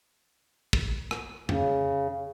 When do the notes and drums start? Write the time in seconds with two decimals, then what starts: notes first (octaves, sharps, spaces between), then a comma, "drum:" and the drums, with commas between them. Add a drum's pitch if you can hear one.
0.73 drum: kick
1.11 drum: rim click
1.49 C#3, drum: tom F2